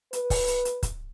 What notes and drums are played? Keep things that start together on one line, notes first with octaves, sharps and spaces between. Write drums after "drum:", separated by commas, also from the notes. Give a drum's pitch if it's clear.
B4, drum: hi-hat
drum: kick, open hi-hat
drum: hi-hat
drum: hi-hat
drum: kick, hi-hat